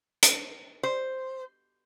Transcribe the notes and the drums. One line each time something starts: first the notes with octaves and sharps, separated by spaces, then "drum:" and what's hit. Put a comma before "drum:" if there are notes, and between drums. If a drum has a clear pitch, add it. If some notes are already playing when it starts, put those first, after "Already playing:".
drum: hi-hat
C5